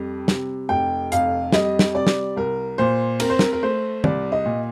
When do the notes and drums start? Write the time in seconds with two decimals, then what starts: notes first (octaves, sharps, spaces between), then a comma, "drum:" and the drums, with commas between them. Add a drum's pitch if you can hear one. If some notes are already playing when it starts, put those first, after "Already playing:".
Already playing: F2 G3
0.28 C3, drum: snare
0.69 F1 G5
1.12 F2 F5, drum: hi-hat
1.52 G3 D#5, drum: snare
1.79 drum: snare
1.95 C3 D5
2.07 drum: snare
2.36 C2 A#4
2.78 A#2 C5
3.20 C4 A#4, drum: cymbal
3.30 C5
3.39 A#4, drum: snare
3.53 A#4
3.62 A3 C5
4.04 C2 D5, drum: tom
4.32 D#5
4.46 A#2